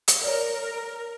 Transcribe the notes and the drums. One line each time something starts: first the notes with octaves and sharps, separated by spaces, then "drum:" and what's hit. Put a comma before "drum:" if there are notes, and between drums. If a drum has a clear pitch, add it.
drum: hi-hat
A#4 C#5 D5